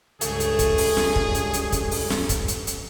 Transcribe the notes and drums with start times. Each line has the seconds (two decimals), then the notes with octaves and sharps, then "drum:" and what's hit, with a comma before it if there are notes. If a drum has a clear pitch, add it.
0.21 C#2 G2 A3 G#4, drum: hi-hat
0.40 drum: hi-hat
0.59 drum: kick, hi-hat
0.78 drum: open hi-hat
0.97 drum: snare
1.16 drum: kick
1.35 drum: hi-hat
1.53 drum: hi-hat
1.72 drum: kick, hi-hat
1.91 drum: open hi-hat
2.10 drum: snare
2.29 drum: kick, hi-hat
2.48 drum: hi-hat
2.67 drum: hi-hat